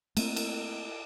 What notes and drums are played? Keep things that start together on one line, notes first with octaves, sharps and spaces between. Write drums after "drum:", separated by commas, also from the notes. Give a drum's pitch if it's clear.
A3 A#3 C4, drum: cymbal
drum: cymbal